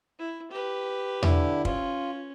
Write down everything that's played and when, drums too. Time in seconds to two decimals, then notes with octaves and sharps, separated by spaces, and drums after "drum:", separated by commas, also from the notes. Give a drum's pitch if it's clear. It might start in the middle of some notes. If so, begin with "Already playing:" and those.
0.19 E4
0.51 G4 B4
1.23 D3 E4, drum: tom E2
1.65 C#4 F4, drum: kick